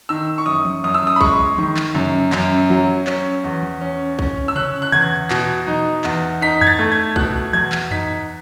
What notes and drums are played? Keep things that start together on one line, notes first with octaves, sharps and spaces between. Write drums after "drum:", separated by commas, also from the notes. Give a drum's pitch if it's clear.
D#3 E6
C#6
F#2 D#6
drum: tom
F#2 D#6
E6
D#6
B5
G#3 C#6, drum: kick
D#3, drum: tom
drum: clap
F#2, drum: tom C3
F#2, drum: clap
F#3, drum: tom
C#4, drum: clap
E2
drum: tom
C#4
C#4, drum: kick
E6
C#4 F#6, drum: tom C3
F#6
E2 G#6, drum: tom C3
B2, drum: clap
D#4, drum: tom
E2, drum: clap
D#4 B6
G#6, drum: tom F2
A6
A3
G#6
B2 F#6, drum: kick
E2 G#6, drum: tom
drum: clap
D#4 B6, drum: tom F2